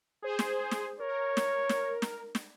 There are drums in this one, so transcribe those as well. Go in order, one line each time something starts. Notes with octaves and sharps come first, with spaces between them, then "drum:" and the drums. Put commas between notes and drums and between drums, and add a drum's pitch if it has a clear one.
G#4 C5
drum: snare
drum: snare
A#4 C#5
drum: snare
drum: snare
drum: snare
drum: snare